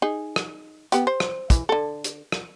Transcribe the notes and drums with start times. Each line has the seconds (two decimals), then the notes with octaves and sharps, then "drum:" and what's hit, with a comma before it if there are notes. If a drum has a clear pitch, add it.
0.02 D#4 G#4
0.36 drum: rim click
0.92 B3 G4, drum: hi-hat
1.07 C5
1.20 drum: rim click
1.50 E3, drum: kick, hi-hat
1.69 D3 A4
2.04 drum: hi-hat
2.32 drum: rim click